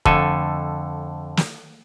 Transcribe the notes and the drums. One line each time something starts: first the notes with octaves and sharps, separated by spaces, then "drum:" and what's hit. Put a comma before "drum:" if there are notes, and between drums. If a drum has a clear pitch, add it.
F2 D3 A3 A4 G#5, drum: kick F1
drum: snare